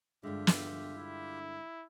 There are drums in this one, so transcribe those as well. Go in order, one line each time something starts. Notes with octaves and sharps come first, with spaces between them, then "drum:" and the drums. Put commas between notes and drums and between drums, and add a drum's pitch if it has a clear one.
G2 D3 G#3 F4 G4 E5
drum: snare
D3 E4